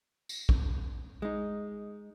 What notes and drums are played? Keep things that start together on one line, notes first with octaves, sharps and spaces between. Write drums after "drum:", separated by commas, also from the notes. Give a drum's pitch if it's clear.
drum: tambourine
drum: kick A#1
G#3 D#4